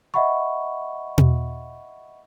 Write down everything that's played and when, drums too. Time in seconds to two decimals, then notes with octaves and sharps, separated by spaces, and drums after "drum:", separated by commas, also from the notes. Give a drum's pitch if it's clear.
0.14 D#5 E5 F#5 B5 C#6
1.18 drum: tom